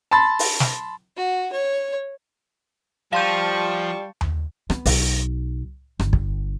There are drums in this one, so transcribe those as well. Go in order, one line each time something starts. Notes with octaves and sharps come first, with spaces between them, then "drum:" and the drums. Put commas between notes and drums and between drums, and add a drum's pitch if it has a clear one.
A5 B5 C6 A6
drum: open hi-hat
drum: snare
F#4
C#5
F3 G3 F5 A5 C6 C#6 G6
drum: tom D#2
B3, drum: rim click
B1, drum: open hi-hat
G1, drum: rim click
drum: kick